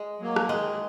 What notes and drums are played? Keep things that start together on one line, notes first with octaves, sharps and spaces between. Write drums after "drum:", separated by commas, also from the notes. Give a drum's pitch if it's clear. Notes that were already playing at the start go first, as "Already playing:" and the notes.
Already playing: G#3
F#3 A#3
drum: rim click
D#3 G#3